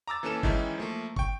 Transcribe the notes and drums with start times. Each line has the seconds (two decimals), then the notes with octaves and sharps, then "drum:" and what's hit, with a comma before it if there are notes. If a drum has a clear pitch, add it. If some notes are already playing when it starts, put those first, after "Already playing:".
0.08 A#5 D6 E6 A6
0.23 E3 A#3 C#4 A4 E7
0.43 D#3 E3 G#3 C#4 D#4 E4, drum: kick G1
0.78 F3 A3 A#3
1.16 G5 C#6, drum: kick G1